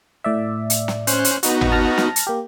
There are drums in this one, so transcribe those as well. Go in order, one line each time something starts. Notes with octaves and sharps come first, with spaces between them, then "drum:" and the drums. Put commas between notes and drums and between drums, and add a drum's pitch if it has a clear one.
A2 D5 E5
drum: hi-hat
drum: snare
C#4 C5 F#6, drum: hi-hat
drum: hi-hat
B3 D#4 F#4, drum: hi-hat
drum: tom G#1
A5 F6 A#6
drum: snare
drum: hi-hat
A#3 G4